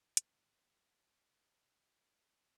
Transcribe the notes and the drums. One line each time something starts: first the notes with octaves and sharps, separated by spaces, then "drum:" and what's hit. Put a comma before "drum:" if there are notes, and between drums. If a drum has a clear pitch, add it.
G#1 C4 F4 A4 A#4, drum: hi-hat